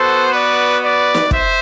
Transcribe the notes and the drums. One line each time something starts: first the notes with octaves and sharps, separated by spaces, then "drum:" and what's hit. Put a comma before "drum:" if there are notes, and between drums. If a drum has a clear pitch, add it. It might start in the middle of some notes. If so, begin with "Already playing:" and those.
Already playing: B3 F#4 A4 C5
B4 D5
B4 D5
drum: snare
C5 E5, drum: kick